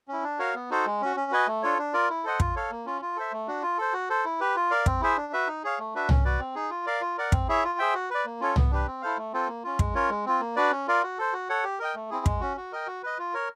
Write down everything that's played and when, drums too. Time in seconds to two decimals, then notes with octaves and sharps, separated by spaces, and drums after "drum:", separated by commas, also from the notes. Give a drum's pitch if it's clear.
0.08 C#4 E4
0.23 D4
0.39 F#4 A#4 C#5 F5
0.55 B3
0.70 D#4 F#4 A4 C5
0.86 G#3
1.01 C#4 F#4
1.16 C#4
1.31 F#4 B4 D#5 G#5
1.47 A3
1.63 D4 F4 A4 C#5
1.78 D4
1.93 F4 A#4 D5
2.10 E4
2.24 A4 C5 D#5 F#5
2.40 F4, drum: kick
2.56 A4 C#5 F5
2.71 A#3
2.86 C#4 F4
3.02 F4
3.16 A4 C5 E5
3.32 A3
3.48 D4 F#4
3.62 F4
3.78 A4 C5
3.93 F#4
4.10 A4 C5
4.25 E4
4.40 G4 B4
4.56 F4
4.70 A#4 D5 F5
4.86 C4, drum: kick
5.01 E4 G#4 C5 E5
5.17 D4
5.33 F#4 B4 E5
5.47 D#4
5.64 G#4 C#5 F5
5.79 A3
5.95 D4 F#4 B4 E5
6.09 C#4, drum: tom C2
6.25 F#4 B4 D5
6.40 C4
6.55 D#4 G#4
6.70 F4
6.86 A#4 D5 F5
7.01 F4
7.17 A#4 D5 F#5
7.32 C4, drum: kick
7.48 E4 G#4 C#5 E5
7.64 F4
7.79 G#4 C5 E5 G5
7.94 F#4
8.10 B4 D5
8.25 A#3
8.40 C#4 F4 A4 C#5
8.56 B3, drum: tom C2
8.71 D4 G4 B4
8.87 C4
9.02 E4 A4 C5 F5
9.17 A3
9.33 C4 F4 A4 C5
9.48 A#3
9.64 C#4 F4
9.79 G#3, drum: kick
9.94 C#4 F4 A#4 C#5
10.10 G#3
10.26 C4 F4
10.41 A#3
10.56 D4 F#4 B4 D5
10.71 C#4
10.87 F4 A#4 D5 F5
11.03 F#4
11.18 A4 C5
11.33 F#4
11.49 A4 C#5 F#5
11.64 G4
11.79 A#4 D#5 G5
11.95 A3
12.10 C4 E4 G#4
12.26 G#3, drum: kick
12.41 C#4 F#4
12.57 F#4
12.72 A#4 D#5 G5
12.87 F#4
13.03 B4 D#5
13.19 F4
13.34 A#4 C#5